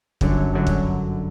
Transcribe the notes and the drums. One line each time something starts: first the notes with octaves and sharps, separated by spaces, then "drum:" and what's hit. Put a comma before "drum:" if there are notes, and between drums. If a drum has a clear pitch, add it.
G1 F#2 D3 F#3, drum: kick
G1 F#2 D3 F#3
drum: kick